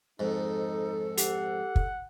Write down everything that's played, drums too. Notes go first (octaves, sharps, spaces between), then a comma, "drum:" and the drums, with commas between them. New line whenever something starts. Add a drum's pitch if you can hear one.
F2 G#2 D#4 A4
G4 F#5, drum: hi-hat
drum: kick